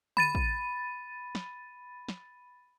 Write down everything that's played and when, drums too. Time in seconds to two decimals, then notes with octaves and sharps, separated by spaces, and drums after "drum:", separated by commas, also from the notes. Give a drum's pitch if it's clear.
0.17 B5 A6 D#7, drum: tom D3
0.35 drum: kick
1.35 drum: snare
2.09 drum: snare